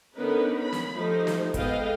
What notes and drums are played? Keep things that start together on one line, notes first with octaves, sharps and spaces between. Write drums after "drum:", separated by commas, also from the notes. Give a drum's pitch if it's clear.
D3 B3 C#4 D#4 A#4 B4
B5
drum: snare
F3 A3 D#4 G4 C5
drum: snare
G#3 B3 A4 D#5 F5 G5, drum: kick, hi-hat